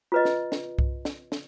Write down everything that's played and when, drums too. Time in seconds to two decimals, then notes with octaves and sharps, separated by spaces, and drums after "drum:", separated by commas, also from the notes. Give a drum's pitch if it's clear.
0.12 F4 B4 D#5
0.25 drum: snare
0.52 drum: snare
0.79 drum: kick C2
1.05 drum: snare
1.32 drum: snare